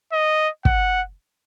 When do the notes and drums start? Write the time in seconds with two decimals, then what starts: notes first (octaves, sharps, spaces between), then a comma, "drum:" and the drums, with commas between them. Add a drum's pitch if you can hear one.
0.13 D#5
0.65 F#5, drum: kick